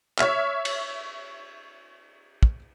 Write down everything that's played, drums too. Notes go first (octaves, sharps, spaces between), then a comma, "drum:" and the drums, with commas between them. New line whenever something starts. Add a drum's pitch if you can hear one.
C#5 E5 F6, drum: clap
drum: cymbal
drum: kick